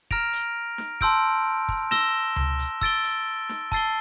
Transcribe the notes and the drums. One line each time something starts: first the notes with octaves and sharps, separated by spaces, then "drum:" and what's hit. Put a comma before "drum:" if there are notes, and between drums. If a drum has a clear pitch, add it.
A#5 F6 A#6 D7 F7, drum: kick
drum: hi-hat
drum: snare
A5 C6 E6 G6 D7, drum: kick
drum: kick, open hi-hat
E6 A#6 E7 G7, drum: snare
drum: tom C#2
drum: hi-hat
E6 A6 D7 G7, drum: kick
drum: hi-hat
drum: snare
A5 E6 A6 C7 G7, drum: kick